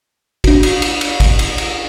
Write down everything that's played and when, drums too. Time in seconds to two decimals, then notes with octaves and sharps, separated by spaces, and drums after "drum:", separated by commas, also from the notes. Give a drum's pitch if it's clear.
0.44 D4 F#4, drum: kick, cymbal
0.63 drum: cymbal
0.82 drum: cymbal
1.01 drum: cymbal
1.20 drum: kick, cymbal
1.39 drum: cymbal
1.58 drum: cymbal